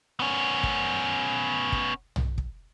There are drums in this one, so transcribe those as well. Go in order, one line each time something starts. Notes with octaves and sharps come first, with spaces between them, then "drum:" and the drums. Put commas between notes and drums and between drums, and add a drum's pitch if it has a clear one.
B3 C#4
drum: kick
drum: kick
drum: tom
drum: kick